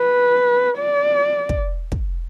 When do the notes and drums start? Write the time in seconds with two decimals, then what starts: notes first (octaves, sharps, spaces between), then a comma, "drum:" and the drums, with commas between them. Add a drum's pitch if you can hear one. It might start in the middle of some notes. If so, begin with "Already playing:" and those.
Already playing: B4
0.78 D5
1.49 drum: kick
1.92 drum: kick